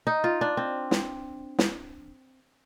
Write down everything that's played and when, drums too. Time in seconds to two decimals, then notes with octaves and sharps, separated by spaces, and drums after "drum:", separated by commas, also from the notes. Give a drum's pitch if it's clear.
0.07 D#4
0.24 F4
0.41 D4
0.57 C4
0.91 drum: snare
1.59 drum: snare